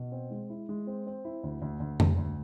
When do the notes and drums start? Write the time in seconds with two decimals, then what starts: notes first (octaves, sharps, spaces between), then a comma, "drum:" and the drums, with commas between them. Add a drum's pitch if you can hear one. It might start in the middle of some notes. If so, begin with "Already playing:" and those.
Already playing: B2
0.12 C4
0.31 G#3
0.50 E4
0.69 G#3
0.87 C4
1.06 C4
1.25 E4
1.43 D2
1.62 D2
1.80 D2
2.00 D2, drum: tom F2
2.18 D2